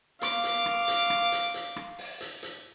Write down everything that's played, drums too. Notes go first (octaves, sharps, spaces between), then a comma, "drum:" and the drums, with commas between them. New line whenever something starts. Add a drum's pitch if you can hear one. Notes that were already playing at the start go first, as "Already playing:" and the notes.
F5 D6, drum: hi-hat
drum: hi-hat
drum: rim click
drum: hi-hat
drum: rim click
drum: hi-hat
drum: hi-hat
drum: rim click
drum: open hi-hat
drum: hi-hat
drum: hi-hat